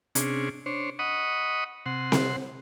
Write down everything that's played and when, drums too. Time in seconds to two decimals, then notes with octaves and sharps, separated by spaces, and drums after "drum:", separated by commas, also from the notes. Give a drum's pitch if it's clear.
0.15 C3 C#4 D4 G#4, drum: hi-hat
0.66 D4 C5 C#5
0.99 D#5 F#5 B5 C#6 D#6
1.86 C3 F#5 C6
2.12 drum: snare C4